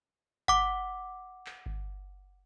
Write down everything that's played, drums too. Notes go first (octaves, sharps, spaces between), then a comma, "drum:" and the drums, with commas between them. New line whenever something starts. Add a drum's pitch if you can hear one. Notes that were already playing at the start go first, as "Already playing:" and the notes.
F#5 D6, drum: kick G1
drum: clap
drum: kick G1